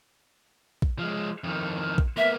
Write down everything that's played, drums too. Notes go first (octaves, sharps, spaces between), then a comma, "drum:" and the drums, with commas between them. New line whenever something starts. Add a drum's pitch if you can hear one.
drum: kick A#1
F3 G#3
F2 D#3
drum: kick A#1
A#3 B3 E5